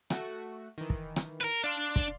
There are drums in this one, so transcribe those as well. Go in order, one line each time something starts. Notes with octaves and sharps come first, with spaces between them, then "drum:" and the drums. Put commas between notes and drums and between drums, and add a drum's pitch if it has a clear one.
A3 F#4, drum: rim click
D#3 E3
drum: kick
drum: rim click
A#4 B4
D4 D5 F5 C6
drum: kick